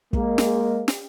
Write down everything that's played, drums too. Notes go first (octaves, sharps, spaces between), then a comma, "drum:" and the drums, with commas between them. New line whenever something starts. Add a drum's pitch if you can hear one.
G#3 A#3, drum: kick
drum: snare
drum: snare